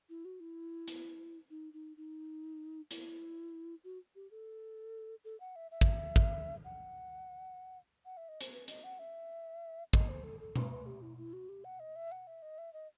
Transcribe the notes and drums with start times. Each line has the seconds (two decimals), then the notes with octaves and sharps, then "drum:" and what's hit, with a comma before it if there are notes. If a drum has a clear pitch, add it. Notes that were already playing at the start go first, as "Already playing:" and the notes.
0.09 E4
0.25 F#4
0.40 E4
0.88 drum: hi-hat
1.50 D#4
1.73 D#4
1.97 D#4
2.91 E4, drum: hi-hat
3.84 F#4
4.16 G4
4.31 A4
5.24 A4
5.40 F#5
5.56 E5
5.71 E5
5.81 drum: kick
6.16 drum: kick
6.65 F#5
8.05 F#5
8.17 E5
8.29 D#5
8.41 C5, drum: hi-hat
8.53 B4
8.68 D#5, drum: hi-hat
8.84 F#5
8.99 E5
9.93 D#5, drum: kick
10.09 C5
10.24 A4
10.40 A4
10.56 B4, drum: tom B2
10.71 B4
10.86 G4
11.02 E4
11.18 E4
11.33 F#4
11.49 G4
11.64 F#5
11.80 D#5
11.96 E5
12.12 F#5
12.27 E5
12.42 D#5
12.58 E5
12.73 D#5